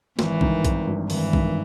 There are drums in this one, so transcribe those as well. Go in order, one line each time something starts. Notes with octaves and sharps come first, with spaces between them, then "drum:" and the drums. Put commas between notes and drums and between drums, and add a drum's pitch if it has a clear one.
G#1 E3, drum: snare
G2 D#3, drum: kick A#1
G#1, drum: kick A#1, hi-hat
G2 D#3
G#1 E3, drum: open hi-hat
G2 D#3, drum: kick A#1